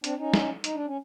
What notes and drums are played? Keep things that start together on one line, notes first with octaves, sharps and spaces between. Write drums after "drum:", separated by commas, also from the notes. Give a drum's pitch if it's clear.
C4 D4, drum: hi-hat
C#4 D#4
drum: snare
D#4, drum: hi-hat
D4
C#4